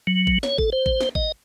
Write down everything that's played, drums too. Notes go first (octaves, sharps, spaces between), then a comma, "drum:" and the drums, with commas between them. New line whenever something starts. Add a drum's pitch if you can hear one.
F#3
drum: kick A1
C#5, drum: snare
A4, drum: kick A1
C5
drum: kick A1
drum: snare
D#5, drum: kick A1